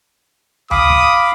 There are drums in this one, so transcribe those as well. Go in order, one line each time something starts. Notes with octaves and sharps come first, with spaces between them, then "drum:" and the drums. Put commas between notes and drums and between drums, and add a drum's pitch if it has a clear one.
F5 B5 D6 D#6, drum: tom D2
drum: kick